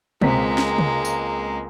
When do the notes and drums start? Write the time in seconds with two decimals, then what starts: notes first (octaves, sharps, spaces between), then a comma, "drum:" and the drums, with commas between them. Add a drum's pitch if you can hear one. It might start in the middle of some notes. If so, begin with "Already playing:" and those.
0.21 C#2 G#3 A#3 C4 B6, drum: tom
0.58 drum: snare
0.78 drum: tom
1.05 drum: tambourine